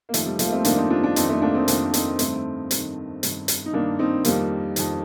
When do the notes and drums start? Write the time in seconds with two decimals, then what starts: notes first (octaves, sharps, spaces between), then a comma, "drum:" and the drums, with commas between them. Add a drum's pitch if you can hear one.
0.09 A#3
0.14 F2 D#3 F3 A3, drum: hi-hat
0.26 G3
0.39 F3 A3, drum: hi-hat
0.46 A#3
0.52 A3 C4
0.65 F2 D#3 A#3 D4, drum: hi-hat
0.77 C4 D#4
0.90 D4 F4
1.04 D4 F4
1.16 F2 D#3 C4 D#4, drum: hi-hat
1.29 A3 C4
1.42 A#3 D4
1.55 C4 D#4
1.68 F2 D#3 A#3 D4, drum: hi-hat
1.94 C4 D#4, drum: hi-hat
2.19 G2 D#3 A3 C4, drum: hi-hat
2.71 G2 D#3, drum: hi-hat
3.23 G2 D#3, drum: hi-hat
3.48 drum: hi-hat
3.66 D#4
3.73 G2 D#3 A#3 D4
3.99 C4 D#4
4.25 F2 D#3 G3 A#3, drum: hi-hat
4.76 F2 D#3, drum: hi-hat